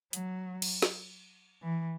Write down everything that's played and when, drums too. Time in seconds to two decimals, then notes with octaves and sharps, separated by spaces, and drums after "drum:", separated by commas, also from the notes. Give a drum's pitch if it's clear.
0.13 F#3, drum: hi-hat
0.62 drum: cymbal
0.82 drum: snare
1.62 E3